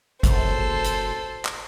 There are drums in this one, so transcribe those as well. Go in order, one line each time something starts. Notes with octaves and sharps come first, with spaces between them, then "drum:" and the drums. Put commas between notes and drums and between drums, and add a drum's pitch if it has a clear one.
F#1 A4 C5, drum: kick G#1, hi-hat
drum: hi-hat
drum: clap